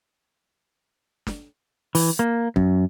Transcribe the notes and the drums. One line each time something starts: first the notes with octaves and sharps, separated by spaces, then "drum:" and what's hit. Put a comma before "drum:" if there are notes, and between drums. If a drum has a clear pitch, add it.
drum: snare
E3, drum: open hi-hat
A#3
F#2, drum: kick